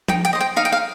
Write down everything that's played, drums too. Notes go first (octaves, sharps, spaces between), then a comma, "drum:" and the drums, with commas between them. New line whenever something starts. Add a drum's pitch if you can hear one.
D#4 G5, drum: tom F3
G5
C5 D#5
G5
D#4 F5
G5
F5